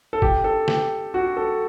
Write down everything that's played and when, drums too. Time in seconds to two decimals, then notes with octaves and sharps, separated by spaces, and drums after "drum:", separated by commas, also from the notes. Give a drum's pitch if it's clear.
0.13 A4
0.22 G4, drum: kick F#1
0.44 A4
0.68 G4, drum: snare
1.14 F#4
1.37 A4